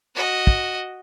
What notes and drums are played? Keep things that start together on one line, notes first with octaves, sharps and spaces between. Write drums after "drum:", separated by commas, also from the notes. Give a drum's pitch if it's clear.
F#4 D#5
drum: kick